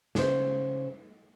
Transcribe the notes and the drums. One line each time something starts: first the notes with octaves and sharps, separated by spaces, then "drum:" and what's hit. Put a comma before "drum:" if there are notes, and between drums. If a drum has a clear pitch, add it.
C#3 C5, drum: snare